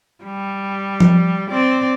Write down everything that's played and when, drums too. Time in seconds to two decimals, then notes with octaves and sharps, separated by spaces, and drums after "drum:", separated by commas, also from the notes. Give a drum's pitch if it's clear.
0.24 G3
1.00 drum: tom F3
1.50 C4 D5